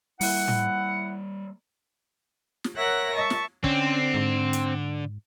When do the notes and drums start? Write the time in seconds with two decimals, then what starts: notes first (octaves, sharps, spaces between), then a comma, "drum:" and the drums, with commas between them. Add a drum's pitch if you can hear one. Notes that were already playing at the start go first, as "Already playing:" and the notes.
0.21 G3 A#3 E4 F#5, drum: open hi-hat
0.48 drum: tom A2
2.64 drum: snare
2.76 A#4 C#5 E5 F#5 F#6 A#6
3.13 E5 A5 C#6
3.30 drum: snare
3.64 D3 C4 C#4, drum: kick
4.14 G#2
4.53 drum: hi-hat